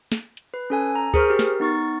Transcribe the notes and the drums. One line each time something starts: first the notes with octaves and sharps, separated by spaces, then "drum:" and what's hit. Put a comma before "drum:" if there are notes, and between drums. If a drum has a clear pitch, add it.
drum: snare
drum: hi-hat
B4
C#4 A4 G#5
A#5
G#4 A#4 C5 C#6 F6, drum: kick D2, open hi-hat
G4 A#4
drum: snare
B3 D#4 C#6 A6